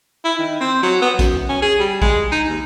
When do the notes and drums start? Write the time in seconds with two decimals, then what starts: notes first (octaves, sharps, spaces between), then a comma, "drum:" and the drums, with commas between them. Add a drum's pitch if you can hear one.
0.25 E4
0.39 D#3
0.60 C4
0.83 F#3
1.02 B3
1.19 F#2, drum: kick A#1, hi-hat
1.49 C#4
1.62 G#4
1.80 G3
2.02 G#3, drum: kick A#1
2.32 D#4
2.49 D#2